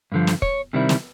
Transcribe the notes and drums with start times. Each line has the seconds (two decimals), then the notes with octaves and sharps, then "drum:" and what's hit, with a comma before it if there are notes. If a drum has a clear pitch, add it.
0.12 G2 D3 F3
0.27 drum: snare
0.42 C#5, drum: kick
0.73 C3 D#3 G3 C4 E4
0.89 drum: snare